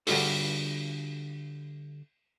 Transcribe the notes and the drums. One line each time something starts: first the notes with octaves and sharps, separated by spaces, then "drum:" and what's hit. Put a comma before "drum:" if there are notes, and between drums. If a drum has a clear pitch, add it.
D3 G3 F4 F#4 A4, drum: open hi-hat